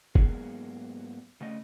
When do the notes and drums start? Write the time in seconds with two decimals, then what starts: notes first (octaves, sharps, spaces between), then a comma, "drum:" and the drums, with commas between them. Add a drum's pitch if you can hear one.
0.15 G#2 C3 F#3 A#3 B3 G#4, drum: kick F#1
1.41 C#3 A3 D#5